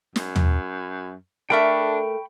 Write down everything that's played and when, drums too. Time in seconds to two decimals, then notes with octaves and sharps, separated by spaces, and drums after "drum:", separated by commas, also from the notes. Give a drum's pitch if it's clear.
0.16 F#2, drum: snare
0.36 drum: tom
1.50 A3 D4 A#4 E5 G5 B5 C#6